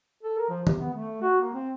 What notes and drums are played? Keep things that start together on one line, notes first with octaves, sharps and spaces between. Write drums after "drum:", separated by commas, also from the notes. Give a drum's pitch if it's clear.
A4
A#4
F3
C3, drum: tom D#3
B3
A3
F#4
A#3
C4